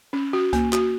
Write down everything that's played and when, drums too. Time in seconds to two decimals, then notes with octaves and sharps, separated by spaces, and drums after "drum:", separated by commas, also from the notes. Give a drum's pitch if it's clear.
0.13 C#4
0.33 F#4
0.53 A#3, drum: kick C2, hi-hat
0.73 F#4, drum: clap